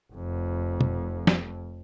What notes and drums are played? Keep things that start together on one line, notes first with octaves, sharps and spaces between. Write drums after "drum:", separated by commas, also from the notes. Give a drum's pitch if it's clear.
F1 F2
drum: tom
drum: snare